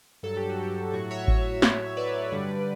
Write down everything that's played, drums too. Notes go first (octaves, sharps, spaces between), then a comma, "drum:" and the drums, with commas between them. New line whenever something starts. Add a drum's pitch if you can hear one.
G2 F#3 A4
G4
F#4
G4
A2 F#3 F#4
C#5 E5
drum: kick G#1
A2 F#3, drum: snare
B4 D5
G2 D3 G3